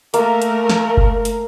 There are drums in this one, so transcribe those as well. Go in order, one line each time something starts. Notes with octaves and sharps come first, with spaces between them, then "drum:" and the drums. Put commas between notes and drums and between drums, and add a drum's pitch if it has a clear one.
A3 A#3 A#4, drum: hi-hat
drum: hi-hat
drum: snare
drum: kick F#1
drum: hi-hat